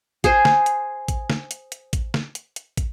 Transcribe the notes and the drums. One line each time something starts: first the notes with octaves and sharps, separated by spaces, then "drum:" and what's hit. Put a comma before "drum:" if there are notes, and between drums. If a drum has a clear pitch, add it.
G#4 C5, drum: kick, hi-hat
drum: snare
drum: hi-hat
drum: kick, hi-hat
drum: snare
drum: hi-hat
drum: hi-hat
drum: kick, hi-hat
drum: snare
drum: hi-hat
drum: hi-hat
drum: kick, hi-hat